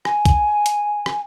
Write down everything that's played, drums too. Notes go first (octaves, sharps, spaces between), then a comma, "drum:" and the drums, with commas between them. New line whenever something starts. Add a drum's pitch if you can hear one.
G#5, drum: rim click
drum: kick C2, hi-hat
drum: hi-hat
drum: rim click